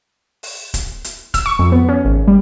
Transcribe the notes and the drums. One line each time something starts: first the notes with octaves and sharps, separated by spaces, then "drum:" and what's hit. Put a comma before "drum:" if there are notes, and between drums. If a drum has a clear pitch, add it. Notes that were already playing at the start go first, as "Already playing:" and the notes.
drum: open hi-hat
drum: kick, hi-hat
drum: hi-hat
E6, drum: kick, hi-hat
C#6
F2
B3
C#4
G#1
G3